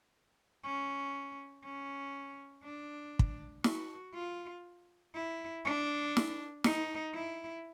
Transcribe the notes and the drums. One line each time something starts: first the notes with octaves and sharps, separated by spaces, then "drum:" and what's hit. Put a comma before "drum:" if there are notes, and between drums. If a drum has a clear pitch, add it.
C#4
C#4
D4
drum: kick
F#4, drum: snare
F4
E4
D4
drum: snare
D#4, drum: snare
E4